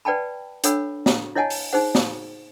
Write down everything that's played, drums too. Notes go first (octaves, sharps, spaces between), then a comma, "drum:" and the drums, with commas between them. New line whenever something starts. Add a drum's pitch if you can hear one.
B4 D5 F#5 G5 A5 B5
D4 A4 C#5 F#5 B5 E6, drum: hi-hat
drum: snare
E4 C#5 D#5 F#5 G#5 A5
drum: open hi-hat
D#4 G#4 C5 F#5
drum: snare